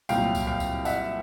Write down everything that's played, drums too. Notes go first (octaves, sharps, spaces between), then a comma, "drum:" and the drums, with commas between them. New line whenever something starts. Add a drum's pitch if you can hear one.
C2 A#2 F#3 F5 G5, drum: tambourine
drum: kick C#2, tambourine
F5 G5
drum: kick C#2, tambourine
E5 F#5, drum: tambourine